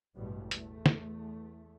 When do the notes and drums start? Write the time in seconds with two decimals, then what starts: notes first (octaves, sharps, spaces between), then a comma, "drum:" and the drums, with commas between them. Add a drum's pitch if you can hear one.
0.15 A1 G2 B2 G3 G#3
0.51 E2 A3, drum: hi-hat
0.86 drum: snare